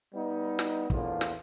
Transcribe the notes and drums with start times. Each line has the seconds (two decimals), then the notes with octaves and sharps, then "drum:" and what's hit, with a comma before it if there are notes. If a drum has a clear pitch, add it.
0.14 G3 B3 D#4
0.59 drum: snare
0.90 A#1 E2 A2 A#3 F4, drum: kick
1.21 drum: snare